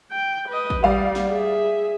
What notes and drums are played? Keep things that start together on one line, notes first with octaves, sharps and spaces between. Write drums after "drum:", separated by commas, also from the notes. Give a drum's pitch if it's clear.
G5
B4 D#5
drum: kick
G3 D5 F5 F#5
drum: snare
G#4 E5